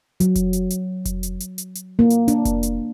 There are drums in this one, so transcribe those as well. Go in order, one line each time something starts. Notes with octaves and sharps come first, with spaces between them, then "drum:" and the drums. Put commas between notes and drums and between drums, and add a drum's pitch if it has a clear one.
F#3, drum: hi-hat
drum: kick F1, hi-hat
drum: hi-hat
drum: hi-hat
drum: kick F1, hi-hat
drum: hi-hat
drum: hi-hat
drum: hi-hat
drum: hi-hat
A#3
drum: hi-hat
D4, drum: hi-hat
drum: kick F1, hi-hat
drum: hi-hat